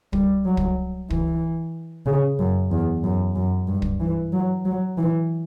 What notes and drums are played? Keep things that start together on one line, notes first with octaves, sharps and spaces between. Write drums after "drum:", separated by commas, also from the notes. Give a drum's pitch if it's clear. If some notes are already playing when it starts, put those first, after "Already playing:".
G3, drum: kick
F#3
drum: kick
E3, drum: kick
C#3
F#2
E2
F#2
F#2
G2
drum: kick
E3
F#3
F#3
E3